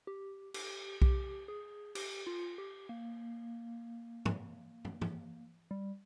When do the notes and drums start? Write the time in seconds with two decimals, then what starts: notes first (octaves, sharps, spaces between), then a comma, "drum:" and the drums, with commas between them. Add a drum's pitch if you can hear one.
0.07 G4
0.54 G4, drum: cymbal
1.02 G4, drum: kick B1
1.48 G#4
1.95 G4, drum: cymbal
2.27 F4
2.58 G4
2.89 A#3
4.26 drum: tom G2
4.85 drum: tom
5.01 drum: tom G2
5.71 G3